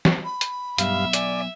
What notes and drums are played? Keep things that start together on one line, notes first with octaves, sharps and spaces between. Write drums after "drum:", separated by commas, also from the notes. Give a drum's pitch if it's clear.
drum: snare
B5
drum: hi-hat
G2 F#3 B3 E5 F5, drum: hi-hat
D5 G#5, drum: hi-hat